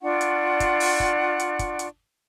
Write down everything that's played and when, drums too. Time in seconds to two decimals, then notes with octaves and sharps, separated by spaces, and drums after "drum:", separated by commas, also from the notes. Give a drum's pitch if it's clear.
0.01 D4 F4 F#5 C#6
0.21 drum: hi-hat
0.60 drum: kick, hi-hat
0.80 drum: open hi-hat
1.00 drum: kick
1.39 drum: hi-hat
1.59 drum: kick, hi-hat
1.79 drum: hi-hat